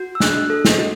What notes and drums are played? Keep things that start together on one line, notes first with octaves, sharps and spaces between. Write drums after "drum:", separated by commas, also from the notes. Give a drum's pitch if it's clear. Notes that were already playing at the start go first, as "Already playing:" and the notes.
Already playing: F#4
E6
D4 F#6, drum: snare
A4
drum: snare
F#4